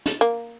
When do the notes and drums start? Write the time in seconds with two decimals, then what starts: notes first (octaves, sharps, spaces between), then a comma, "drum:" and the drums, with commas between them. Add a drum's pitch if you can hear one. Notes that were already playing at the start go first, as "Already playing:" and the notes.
0.06 drum: hi-hat
0.21 A#3